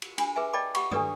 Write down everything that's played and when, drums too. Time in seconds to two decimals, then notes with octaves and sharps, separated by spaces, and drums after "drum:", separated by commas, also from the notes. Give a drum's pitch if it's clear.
0.02 drum: cymbal
0.18 D4 G#5 B5, drum: cymbal
0.36 G#4 B4 E5 G#5
0.53 D5 D#5 G5 A5 B5 D6
0.75 G4 F#5 B5 C#6, drum: cymbal
0.91 D4 G4 A4 B4 D5 D#6, drum: tom